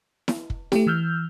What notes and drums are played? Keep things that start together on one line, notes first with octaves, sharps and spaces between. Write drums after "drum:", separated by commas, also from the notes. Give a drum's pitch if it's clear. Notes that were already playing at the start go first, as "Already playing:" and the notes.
drum: snare E4
drum: kick
A3 G4, drum: snare E4
E3 E6 F6 G6